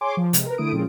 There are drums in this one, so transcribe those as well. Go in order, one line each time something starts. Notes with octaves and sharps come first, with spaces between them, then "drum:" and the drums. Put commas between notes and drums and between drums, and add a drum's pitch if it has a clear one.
G#4 C#5 G#5 C6 D6
F3
C3 G#3, drum: hi-hat
A#4 B4
D3 A3 E4 D#6 D7
A#2 F3 G#3 C4 C#4 F4